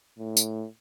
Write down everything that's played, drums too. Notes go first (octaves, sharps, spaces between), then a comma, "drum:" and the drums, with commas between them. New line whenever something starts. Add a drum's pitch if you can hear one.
A2
drum: tambourine